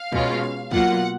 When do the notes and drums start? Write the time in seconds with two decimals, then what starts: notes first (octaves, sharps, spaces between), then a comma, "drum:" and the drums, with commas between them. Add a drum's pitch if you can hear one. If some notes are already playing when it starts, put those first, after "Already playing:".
Already playing: F5
0.12 B2 G#3 C#4 F4, drum: kick
0.71 B2 F#3 A#3 F4 F#5, drum: kick